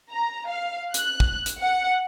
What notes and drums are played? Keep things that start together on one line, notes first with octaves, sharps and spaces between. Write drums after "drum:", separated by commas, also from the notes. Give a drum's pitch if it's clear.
A#5
F5
F#6, drum: hi-hat
drum: kick
drum: hi-hat
F#5